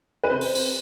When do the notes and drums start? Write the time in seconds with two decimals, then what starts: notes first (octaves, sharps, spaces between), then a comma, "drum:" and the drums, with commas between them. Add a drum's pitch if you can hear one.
0.24 B4
0.30 C3 C5
0.41 drum: open hi-hat
0.55 drum: open hi-hat